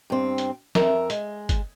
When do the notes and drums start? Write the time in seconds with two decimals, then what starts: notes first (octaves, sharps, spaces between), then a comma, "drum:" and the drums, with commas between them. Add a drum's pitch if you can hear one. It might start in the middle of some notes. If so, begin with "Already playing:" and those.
0.10 G2 C4
0.38 drum: hi-hat
0.75 F2 A#4 E5, drum: snare
1.10 G#3, drum: hi-hat
1.49 drum: kick G1, hi-hat